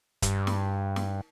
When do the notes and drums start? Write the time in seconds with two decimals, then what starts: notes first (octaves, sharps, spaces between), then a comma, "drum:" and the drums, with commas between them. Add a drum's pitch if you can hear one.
0.22 G2, drum: kick, hi-hat
0.47 drum: snare
0.96 drum: snare